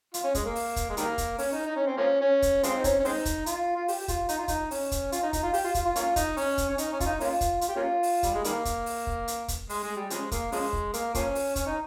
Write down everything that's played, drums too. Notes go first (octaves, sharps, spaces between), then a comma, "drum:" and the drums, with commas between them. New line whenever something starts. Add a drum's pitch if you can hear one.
F4, drum: hi-hat
C#4
G#3, drum: kick, hi-hat
A#3
drum: open hi-hat
drum: kick, hi-hat
G#3
D#3 G3 A#3, drum: hi-hat
drum: kick, hi-hat
C#4, drum: open hi-hat
D#4
D#4
C#4
C4
F3 A#3 C#4
C#4
drum: kick, hi-hat
F3 G#3 C4, drum: hi-hat
D#4
C#4, drum: kick, hi-hat
C#4
G#3 C4 D#4, drum: open hi-hat
drum: kick, hi-hat
F4, drum: hi-hat
F4
G4, drum: open hi-hat
G4
F4, drum: kick, hi-hat
D#4, drum: hi-hat
F4
D#4, drum: kick, hi-hat
C#4, drum: open hi-hat
drum: kick, hi-hat
F4, drum: hi-hat
D#4
D#4, drum: kick, hi-hat
F4
G4, drum: open hi-hat
F4
F4, drum: kick, hi-hat
F4
A#3 C#4 F4, drum: hi-hat
D#4, drum: kick, hi-hat
C#4, drum: open hi-hat
drum: kick, hi-hat
C#4
D#4, drum: hi-hat
C#4
F4, drum: kick, hi-hat
D#4
A#3 C#4 F4, drum: open hi-hat
drum: kick, hi-hat
F4, drum: hi-hat
G4
A#3 C#4 F4
drum: open hi-hat
G3, drum: kick, hi-hat
G#3
D#3 G3 A#3, drum: hi-hat
drum: kick, hi-hat
drum: open hi-hat
drum: kick
drum: hi-hat
drum: kick, hi-hat
G#3, drum: open hi-hat
G#3
G3
C#3 F3 G#3, drum: hi-hat
A#3, drum: kick, hi-hat
C#3 F3 G#3, drum: open hi-hat
drum: kick
A#3, drum: hi-hat
F3 A#3 C#4, drum: kick, hi-hat
drum: open hi-hat
C#4, drum: kick, hi-hat
D#4